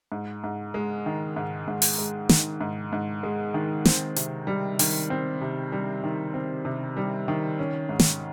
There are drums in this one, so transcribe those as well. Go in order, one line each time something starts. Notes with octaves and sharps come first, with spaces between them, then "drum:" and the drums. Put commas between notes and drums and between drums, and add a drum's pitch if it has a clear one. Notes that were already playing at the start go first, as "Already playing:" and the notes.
G#2
G#2
G#3
D#3
G#2
G#2
drum: open hi-hat
G#3
D#3, drum: snare
G#2
G#2
G#3
D#3
C4, drum: snare
C3, drum: hi-hat
G3
D#3, drum: open hi-hat
C4
C3
G3
D#3
C4
C3
G3
D#3
C#4
G#2
drum: snare